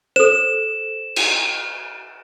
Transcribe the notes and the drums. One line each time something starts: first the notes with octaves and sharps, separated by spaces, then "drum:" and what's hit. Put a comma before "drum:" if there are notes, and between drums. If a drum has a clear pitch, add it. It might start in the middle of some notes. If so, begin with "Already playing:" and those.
A4 C5 E7
drum: cymbal